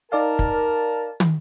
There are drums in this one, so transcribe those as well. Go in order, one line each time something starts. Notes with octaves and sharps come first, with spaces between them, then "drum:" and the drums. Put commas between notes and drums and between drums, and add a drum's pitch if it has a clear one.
D#4 A#4 D5 F5 A5
drum: kick
drum: tom